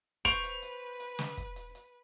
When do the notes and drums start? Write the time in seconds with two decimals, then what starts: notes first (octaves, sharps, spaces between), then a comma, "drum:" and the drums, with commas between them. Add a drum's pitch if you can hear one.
0.25 B4 C5 C#6 D7 F7, drum: kick, hi-hat
0.44 drum: hi-hat
0.62 drum: hi-hat
1.00 drum: hi-hat
1.19 drum: snare
1.37 drum: kick, hi-hat
1.56 drum: hi-hat
1.75 drum: hi-hat